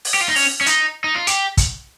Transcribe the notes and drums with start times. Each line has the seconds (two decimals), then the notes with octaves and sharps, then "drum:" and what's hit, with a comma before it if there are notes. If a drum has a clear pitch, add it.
0.05 drum: open hi-hat
0.14 G4
0.21 F4
0.29 D#4
0.36 C#4, drum: open hi-hat
0.61 C#4
0.66 D#4, drum: hi-hat
1.04 D#4
1.15 F4
1.27 G4, drum: hi-hat
1.57 drum: kick, hi-hat